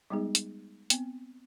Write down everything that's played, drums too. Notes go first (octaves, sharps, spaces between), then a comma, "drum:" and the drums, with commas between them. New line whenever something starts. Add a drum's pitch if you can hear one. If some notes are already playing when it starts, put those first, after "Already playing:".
G3 G#3 B3 D#4 G#4
drum: hi-hat
B3 C4, drum: hi-hat